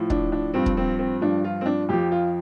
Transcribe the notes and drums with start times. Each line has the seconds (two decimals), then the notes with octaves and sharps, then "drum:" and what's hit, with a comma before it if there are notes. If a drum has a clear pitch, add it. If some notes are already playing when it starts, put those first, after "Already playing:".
Already playing: A2 F3
0.10 D4, drum: kick
0.32 D4
0.54 G2 F3 C4
0.66 drum: kick
0.77 C4
0.99 C4
1.21 G2 F3 D4
1.44 F4
1.61 C4
1.66 D4
1.89 F2 F3 G4
2.12 F4